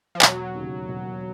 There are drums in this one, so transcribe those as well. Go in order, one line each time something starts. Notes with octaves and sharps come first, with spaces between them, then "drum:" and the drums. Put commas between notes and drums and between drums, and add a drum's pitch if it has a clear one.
F3
E1 F#3, drum: clap
D#2 C#3
E1